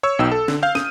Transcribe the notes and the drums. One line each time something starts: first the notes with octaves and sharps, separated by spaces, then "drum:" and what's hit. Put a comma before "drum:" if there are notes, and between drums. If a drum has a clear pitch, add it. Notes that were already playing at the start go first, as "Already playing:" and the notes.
C#5 C#6 E6
B1 B2 D#4 G5 E6
A4
D3, drum: snare
F5 F6 G6
D#6 D#7, drum: snare